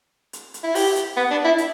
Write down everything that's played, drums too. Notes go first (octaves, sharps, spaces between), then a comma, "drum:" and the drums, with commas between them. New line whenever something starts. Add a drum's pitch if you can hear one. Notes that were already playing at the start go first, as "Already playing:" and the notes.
drum: hi-hat
drum: hi-hat
E4
G4, drum: open hi-hat
drum: hi-hat
B3
D4
E4
drum: hi-hat